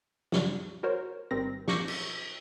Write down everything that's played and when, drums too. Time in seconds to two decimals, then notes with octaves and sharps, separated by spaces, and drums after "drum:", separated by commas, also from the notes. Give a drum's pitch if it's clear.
0.32 F#2 C#3 G3 D4, drum: snare
0.83 F#4 A#4 C5 C#5
1.31 G#1 G3 C4 A#4 A#6
1.68 A#2 C#6 D6 G6 A#6 C#7, drum: snare
1.88 drum: cymbal